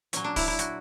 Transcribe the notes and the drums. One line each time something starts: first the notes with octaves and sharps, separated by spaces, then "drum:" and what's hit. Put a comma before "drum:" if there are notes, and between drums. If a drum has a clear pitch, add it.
A#2 F#3 C#4, drum: hi-hat
D4
E4, drum: kick, open hi-hat
E4
F#4, drum: hi-hat